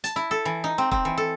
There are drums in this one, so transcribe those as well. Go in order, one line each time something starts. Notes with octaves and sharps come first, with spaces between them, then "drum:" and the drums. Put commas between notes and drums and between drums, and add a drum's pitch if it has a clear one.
A5, drum: hi-hat
E4
A4
E3
D#4
C4
C4, drum: kick
E3
A4